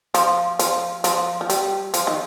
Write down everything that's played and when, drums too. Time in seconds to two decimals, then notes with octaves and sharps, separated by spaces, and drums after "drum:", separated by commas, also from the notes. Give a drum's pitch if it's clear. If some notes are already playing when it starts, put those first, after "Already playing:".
0.14 F3, drum: hi-hat
0.59 F3, drum: hi-hat
1.04 F3, drum: hi-hat
1.41 F3
1.50 G3, drum: hi-hat
1.94 F3, drum: hi-hat
2.07 D#3